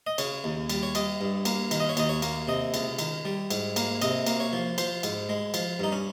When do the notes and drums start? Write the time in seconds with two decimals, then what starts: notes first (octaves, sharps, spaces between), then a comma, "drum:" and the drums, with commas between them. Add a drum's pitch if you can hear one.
0.07 D#5
0.18 C#3 C#5, drum: cymbal
0.44 D#2
0.69 G3, drum: cymbal
0.83 C#5
0.95 G3 D#5, drum: cymbal
1.21 G2
1.45 A#3, drum: cymbal
1.71 D#3, drum: cymbal
1.80 D#5
1.89 C#5
1.97 D#2 D#5, drum: cymbal
2.09 C#5
2.22 A#3, drum: cymbal
2.47 C3 D#5
2.74 C#2, drum: cymbal
2.99 D#3, drum: cymbal
3.25 G3
3.51 G#2, drum: cymbal
3.76 A#3, drum: cymbal
4.02 C3 D#5, drum: cymbal
4.26 A#3, drum: cymbal
4.40 C#5
4.53 F3
4.78 F3 C5, drum: cymbal
5.03 G#2, drum: cymbal
5.29 G#3
5.54 F3, drum: cymbal
5.80 G2 D#4
5.92 C#4